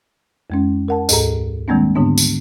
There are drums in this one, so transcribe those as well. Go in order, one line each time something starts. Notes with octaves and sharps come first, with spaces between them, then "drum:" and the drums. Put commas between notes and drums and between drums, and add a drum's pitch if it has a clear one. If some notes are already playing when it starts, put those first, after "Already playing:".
F2 G#3 C#4
A#4 F#5 A5
D2 G#2 G#4 A4 A#5, drum: tambourine
D#3 G3 G#3 A#3 C4 D4
G#2 D3 B3 D4
drum: tambourine